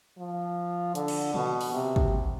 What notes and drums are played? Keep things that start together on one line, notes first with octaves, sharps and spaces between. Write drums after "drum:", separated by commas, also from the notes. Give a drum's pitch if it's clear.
F3
D3, drum: hi-hat
drum: cymbal
B2, drum: tom C#3
drum: open hi-hat
C3
drum: kick